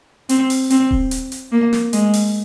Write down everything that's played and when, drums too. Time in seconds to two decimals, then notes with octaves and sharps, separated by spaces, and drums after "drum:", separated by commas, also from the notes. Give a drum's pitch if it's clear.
0.29 C4, drum: hi-hat
0.50 drum: open hi-hat
0.70 C4, drum: hi-hat
0.91 drum: kick D#1
1.11 drum: hi-hat
1.32 drum: hi-hat
1.52 A#3
1.73 drum: snare
1.93 G#3, drum: hi-hat
2.13 drum: open hi-hat